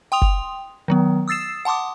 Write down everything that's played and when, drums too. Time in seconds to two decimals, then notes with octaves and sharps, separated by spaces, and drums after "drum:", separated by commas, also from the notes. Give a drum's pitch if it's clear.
0.12 G5 C6 D#6 F7
0.22 drum: kick F#1
0.88 D#3 F#3 B3
1.28 D#6 E6 A6 C7 E7
1.65 F#5 A5 C6 D6 D#6